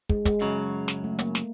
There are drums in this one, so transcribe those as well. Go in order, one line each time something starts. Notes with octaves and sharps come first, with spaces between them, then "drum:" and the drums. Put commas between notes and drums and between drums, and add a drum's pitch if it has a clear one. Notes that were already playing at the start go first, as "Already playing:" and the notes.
G#3, drum: kick
G#3, drum: kick, hi-hat
F#2 C#3 F#3
drum: snare
A3
A#3, drum: hi-hat
drum: snare